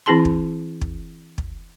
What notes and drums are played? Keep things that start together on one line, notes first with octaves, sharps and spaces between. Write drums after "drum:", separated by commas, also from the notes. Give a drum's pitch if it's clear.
E3 C4 E4 G#4 A5 C6
drum: kick
drum: kick
drum: kick